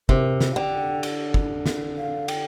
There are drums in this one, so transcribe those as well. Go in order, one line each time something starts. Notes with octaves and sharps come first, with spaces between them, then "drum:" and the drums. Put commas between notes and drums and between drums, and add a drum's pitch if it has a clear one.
C3 A#4, drum: kick
drum: snare
F5
D3 G5
drum: cymbal
drum: kick
drum: snare
F5
G5, drum: cymbal